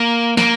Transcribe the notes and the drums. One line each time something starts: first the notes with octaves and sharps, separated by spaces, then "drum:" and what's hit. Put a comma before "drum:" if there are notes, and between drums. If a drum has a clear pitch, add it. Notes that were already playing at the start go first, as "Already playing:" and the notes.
Already playing: A#3
A#3, drum: snare